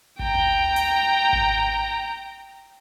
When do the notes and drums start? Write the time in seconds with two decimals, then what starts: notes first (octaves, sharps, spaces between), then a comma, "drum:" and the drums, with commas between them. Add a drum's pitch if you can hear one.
0.19 G5 A#5, drum: kick G#1
0.35 drum: tom D2
0.76 drum: hi-hat
1.33 drum: kick G#1